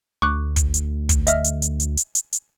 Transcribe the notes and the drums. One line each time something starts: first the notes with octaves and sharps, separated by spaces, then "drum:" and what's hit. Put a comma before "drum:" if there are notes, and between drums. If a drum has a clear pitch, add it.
D2 C#6 D6 F#6
drum: kick, hi-hat
drum: hi-hat
drum: kick, hi-hat
D#5 E5 F6, drum: hi-hat
drum: hi-hat
drum: hi-hat
drum: hi-hat
drum: hi-hat
drum: hi-hat
drum: hi-hat